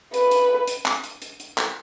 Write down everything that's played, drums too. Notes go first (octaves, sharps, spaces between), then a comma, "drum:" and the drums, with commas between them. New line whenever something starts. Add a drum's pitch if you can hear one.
B4, drum: hi-hat
drum: hi-hat
drum: hi-hat
drum: clap
drum: hi-hat
drum: hi-hat
drum: hi-hat
drum: clap